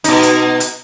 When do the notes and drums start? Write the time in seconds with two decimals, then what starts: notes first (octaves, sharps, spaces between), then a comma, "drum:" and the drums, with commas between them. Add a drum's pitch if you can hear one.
0.04 B2 D#4, drum: hi-hat
0.23 drum: hi-hat
0.60 drum: hi-hat